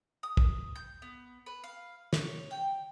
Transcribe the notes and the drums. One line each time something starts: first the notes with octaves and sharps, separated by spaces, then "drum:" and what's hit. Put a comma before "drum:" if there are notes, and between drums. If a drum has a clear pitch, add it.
D#6
drum: kick
G6
B3
B4
F5
C#5, drum: snare
G5